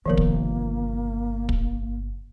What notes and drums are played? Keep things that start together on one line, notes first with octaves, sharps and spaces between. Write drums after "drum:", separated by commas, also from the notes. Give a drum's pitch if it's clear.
G1 C3 D#3 F3 A#3 A#4
drum: kick
drum: kick